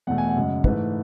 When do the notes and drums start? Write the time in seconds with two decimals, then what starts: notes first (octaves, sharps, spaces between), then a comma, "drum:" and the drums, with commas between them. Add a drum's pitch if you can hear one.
0.07 E2 B2 A3 F#5
0.18 G#5
0.29 F#5
0.36 F#2 C#3 G#3
0.64 G#2 E3 A3 B4, drum: kick